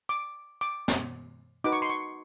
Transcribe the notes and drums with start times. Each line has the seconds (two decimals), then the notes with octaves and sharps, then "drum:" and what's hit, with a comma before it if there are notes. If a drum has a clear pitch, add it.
0.09 D6
0.61 D6
0.88 drum: snare
1.64 D#4 F#4 B4 D6
1.72 C#6
1.82 C6
1.90 C#6